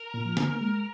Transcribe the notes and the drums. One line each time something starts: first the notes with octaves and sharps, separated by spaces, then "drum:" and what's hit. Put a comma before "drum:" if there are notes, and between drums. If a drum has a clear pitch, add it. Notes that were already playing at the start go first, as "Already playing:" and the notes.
Already playing: A#4
A#2
F3
D3, drum: snare
A#3
G#3